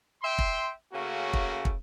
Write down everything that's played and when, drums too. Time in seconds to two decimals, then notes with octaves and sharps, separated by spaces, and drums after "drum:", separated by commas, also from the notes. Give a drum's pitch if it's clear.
0.23 E5 G5 C6
0.38 drum: kick
0.93 C#3 A3 A#3 C#4 F#4
1.33 drum: kick
1.65 drum: kick